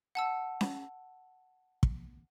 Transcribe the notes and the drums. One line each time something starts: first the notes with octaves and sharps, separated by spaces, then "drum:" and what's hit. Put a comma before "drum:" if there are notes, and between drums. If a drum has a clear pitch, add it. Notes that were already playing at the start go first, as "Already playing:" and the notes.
F#5 A5 E6
drum: snare C#4
drum: kick